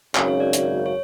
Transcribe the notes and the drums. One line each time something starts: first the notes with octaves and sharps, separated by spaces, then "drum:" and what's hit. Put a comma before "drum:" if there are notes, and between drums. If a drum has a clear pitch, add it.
G#1 F#2 C#3 C#5, drum: clap
C#5
D5
C#5, drum: hi-hat
C#5